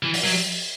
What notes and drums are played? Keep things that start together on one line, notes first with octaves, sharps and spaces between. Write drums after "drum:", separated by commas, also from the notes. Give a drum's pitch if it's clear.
E3
drum: open hi-hat
F#3